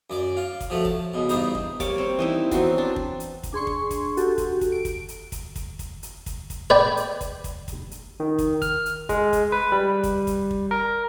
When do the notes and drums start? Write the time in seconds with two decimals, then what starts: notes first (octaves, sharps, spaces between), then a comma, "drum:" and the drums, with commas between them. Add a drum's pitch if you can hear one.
0.10 F#2 D5 D6
0.37 F4
0.61 drum: kick, hi-hat
0.70 F3 F#3 A3
0.85 A5, drum: kick
1.14 C#2 B2
1.29 E2 G2 D#4 C5, drum: hi-hat
1.55 drum: kick
1.80 G3 A#3 C#5 D6, drum: kick, hi-hat
1.98 C4
2.19 E3 D#4 E4
2.51 E3 F#3 B3 C4, drum: kick, hi-hat
2.78 D4
2.96 drum: kick
3.20 drum: hi-hat
3.43 drum: kick, hi-hat
3.53 D4 G#4 C6 C#6
3.67 drum: kick
3.91 drum: kick, hi-hat
4.17 F#4 G4 A4, drum: hi-hat
4.38 drum: kick, hi-hat
4.61 drum: kick, hi-hat
4.72 D7
4.85 drum: kick, hi-hat
5.08 drum: hi-hat
5.32 drum: kick, hi-hat
5.56 drum: kick, hi-hat
5.79 drum: kick, hi-hat
6.03 drum: hi-hat
6.26 drum: kick, hi-hat
6.50 drum: kick, hi-hat
6.70 B4 D5 G5
6.97 drum: hi-hat
7.21 drum: kick, hi-hat
7.44 drum: kick, hi-hat
7.68 drum: kick, hi-hat
7.91 drum: hi-hat
8.20 D#3
8.39 drum: kick, hi-hat
8.62 F6, drum: kick, hi-hat
8.86 drum: hi-hat
9.09 G#3, drum: kick, hi-hat
9.33 drum: kick, hi-hat
9.52 B4
9.72 G3
10.04 drum: kick, hi-hat
10.27 drum: kick, hi-hat
10.51 drum: kick
10.71 A#4